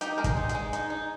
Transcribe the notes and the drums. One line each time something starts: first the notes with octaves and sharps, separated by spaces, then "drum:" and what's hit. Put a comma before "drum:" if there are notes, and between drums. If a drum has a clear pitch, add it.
D#4 G4, drum: hi-hat
G#3 A#4
G#4, drum: kick, hi-hat
D#4
G#4, drum: hi-hat
G#3
D#4, drum: hi-hat
D#4